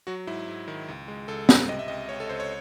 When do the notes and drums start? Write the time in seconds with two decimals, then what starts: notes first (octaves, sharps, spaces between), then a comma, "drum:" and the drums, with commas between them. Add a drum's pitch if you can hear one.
0.07 F#3 F#4
0.27 G#2 E4
0.48 G#2
0.68 D#3
0.88 C#2
1.08 G#3
1.28 C#2 A4
1.49 C#2, drum: snare
1.69 C3 D#5
1.79 E5
1.88 C#2 D#5
2.09 C#2 C#5
2.20 A4
2.29 C#2 C5
2.40 C#5